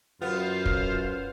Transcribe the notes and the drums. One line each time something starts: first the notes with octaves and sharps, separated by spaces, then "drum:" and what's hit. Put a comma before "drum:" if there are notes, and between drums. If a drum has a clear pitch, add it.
F#2 B3 F4 C5 F5
drum: kick